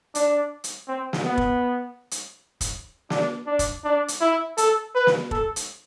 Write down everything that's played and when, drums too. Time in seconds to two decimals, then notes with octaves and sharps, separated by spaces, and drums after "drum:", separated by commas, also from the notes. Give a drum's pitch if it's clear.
0.15 D4, drum: hi-hat
0.64 drum: hi-hat
0.88 C4
1.13 drum: snare
1.25 B3
1.38 drum: kick
2.11 drum: hi-hat
2.61 drum: kick, hi-hat
3.10 D4, drum: snare
3.47 D4
3.59 drum: kick, hi-hat
3.84 D4
4.08 drum: hi-hat
4.21 E4
4.57 A4, drum: hi-hat
4.95 B4
5.07 drum: snare
5.31 A4, drum: kick
5.56 drum: hi-hat